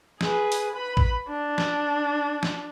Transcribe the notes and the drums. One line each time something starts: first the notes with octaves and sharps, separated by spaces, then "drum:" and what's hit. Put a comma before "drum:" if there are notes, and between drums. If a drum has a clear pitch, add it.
G#4 B4, drum: snare
drum: open hi-hat
B4 B5
drum: kick A1
D4
drum: snare
drum: snare